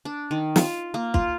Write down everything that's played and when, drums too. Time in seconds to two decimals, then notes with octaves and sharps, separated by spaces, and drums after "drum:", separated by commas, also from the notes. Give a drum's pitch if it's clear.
0.05 D4
0.31 D#3
0.56 F4, drum: snare
0.94 A#3
1.14 F4, drum: kick